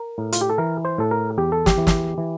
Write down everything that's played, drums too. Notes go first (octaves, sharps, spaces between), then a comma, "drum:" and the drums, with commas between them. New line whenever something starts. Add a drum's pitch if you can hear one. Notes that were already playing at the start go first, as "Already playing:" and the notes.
Already playing: A#4
A2
F4, drum: hi-hat
G4
A4
E3 A#4
C5
A2 A4
A#4
E2 G4
A4
G4, drum: snare
E3
drum: snare
E3